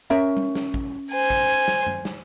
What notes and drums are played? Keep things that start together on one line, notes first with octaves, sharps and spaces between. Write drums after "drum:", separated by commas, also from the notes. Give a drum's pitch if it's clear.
C#4 A#4 E5
drum: tom G3
drum: snare
drum: kick
C5 G#5
drum: kick
drum: snare
drum: tom F#2
drum: snare